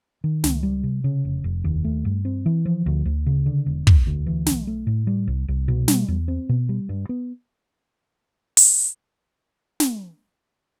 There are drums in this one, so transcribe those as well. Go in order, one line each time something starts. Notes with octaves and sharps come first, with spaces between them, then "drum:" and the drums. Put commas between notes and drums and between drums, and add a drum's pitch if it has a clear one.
D#3
C#2, drum: snare
G3
C3
C#3
F1
F1
D#2
A3
G2
C4
E3
F3
D2
D2
C#3
D3
E1
E1, drum: kick
D2
E3
B1, drum: snare
A3
A2
G3
C2
C2
B2
G3, drum: snare
E2
C4
B2
G3
G2
B3
drum: open hi-hat
drum: snare